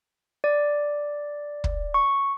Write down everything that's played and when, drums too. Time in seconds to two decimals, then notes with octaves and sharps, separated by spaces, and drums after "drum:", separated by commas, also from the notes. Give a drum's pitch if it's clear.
0.44 D5
1.64 drum: kick
1.94 C#6